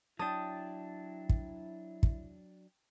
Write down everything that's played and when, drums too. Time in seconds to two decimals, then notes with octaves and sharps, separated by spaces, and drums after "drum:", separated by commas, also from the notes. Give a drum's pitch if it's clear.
0.19 F#3 D4 E4 G5 A5 D#6
1.29 drum: kick
2.03 drum: kick